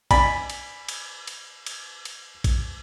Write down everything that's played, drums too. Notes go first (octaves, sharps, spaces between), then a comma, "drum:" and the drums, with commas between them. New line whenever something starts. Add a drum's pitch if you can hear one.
D5 G#5 B5, drum: kick A#1, cymbal
drum: cymbal
drum: cymbal
drum: cymbal
drum: cymbal
drum: cymbal
drum: kick A#1, cymbal